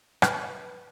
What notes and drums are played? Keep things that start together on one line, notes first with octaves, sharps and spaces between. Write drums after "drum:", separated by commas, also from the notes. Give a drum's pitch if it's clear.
B4, drum: rim click